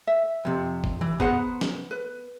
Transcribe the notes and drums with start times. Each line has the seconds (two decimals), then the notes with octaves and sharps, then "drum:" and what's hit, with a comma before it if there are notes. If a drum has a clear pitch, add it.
0.07 E5
0.45 F2 C3
0.84 drum: kick
1.01 E3
1.20 B3 G#4 C5 F#5 A#5, drum: kick
1.61 drum: snare
1.91 B4